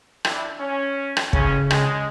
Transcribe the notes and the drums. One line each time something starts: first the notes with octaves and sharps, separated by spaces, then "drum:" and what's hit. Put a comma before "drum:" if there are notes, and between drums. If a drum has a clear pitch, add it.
D4 E4, drum: rim click
C#4
drum: rim click
A1 C#3 C#4, drum: kick
G#3, drum: rim click